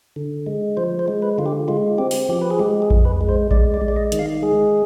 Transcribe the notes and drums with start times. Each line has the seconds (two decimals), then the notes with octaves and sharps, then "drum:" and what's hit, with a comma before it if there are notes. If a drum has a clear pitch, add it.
0.16 D3
0.47 G#3
0.77 F3 C5
0.99 C5
1.08 G#3
1.22 B4
1.38 D3 F4
1.46 G4
1.68 G#3 F4
1.98 C4 G4
2.11 drum: open hi-hat
2.29 F3 G4
2.41 B4
2.51 G#4
2.59 G#3 G4
2.82 G#4
2.90 F2, drum: kick A#1
3.05 B4
3.21 G#3
3.29 C5
3.51 G#3 D5, drum: kick A#1
3.74 D5
3.82 G#3
3.88 D5
3.96 D#5
4.12 D#3, drum: hi-hat
4.19 F5
4.42 G#3 G#4